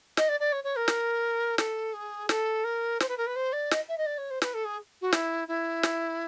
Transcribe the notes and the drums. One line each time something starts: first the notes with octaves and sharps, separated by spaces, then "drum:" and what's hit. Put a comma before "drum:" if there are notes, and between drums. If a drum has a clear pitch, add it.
D#5, drum: snare
D5
D5
C#5
C#5
A#4
drum: snare
A4, drum: snare
G#4
A4, drum: snare
A#4
C5, drum: snare
B4
A#4
B4
C5
D5
D#5, drum: snare
E5
D#5
D5
C#5
C5
B4, drum: snare
A4
G#4
F#4
E4, drum: snare
E4
drum: snare